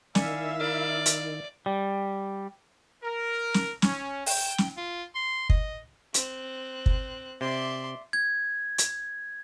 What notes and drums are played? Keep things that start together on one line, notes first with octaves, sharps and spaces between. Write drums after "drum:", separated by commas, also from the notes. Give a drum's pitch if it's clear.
D#3 E4 D5 E5 F5 G#5 C#7, drum: snare
A#4 D5
drum: hi-hat
G3
A#4
drum: snare
C#4, drum: snare
G5, drum: open hi-hat
drum: snare
F4
C6
D#5, drum: kick
C4 F#6, drum: hi-hat
drum: kick
C3 D5 E5 C6 D6
G#6
drum: hi-hat